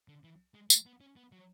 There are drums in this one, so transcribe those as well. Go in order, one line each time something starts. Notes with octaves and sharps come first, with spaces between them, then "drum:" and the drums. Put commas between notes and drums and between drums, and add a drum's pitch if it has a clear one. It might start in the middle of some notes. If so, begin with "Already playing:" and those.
D3
E3
G#3
A3, drum: tambourine
B3
C#4
B3
F#3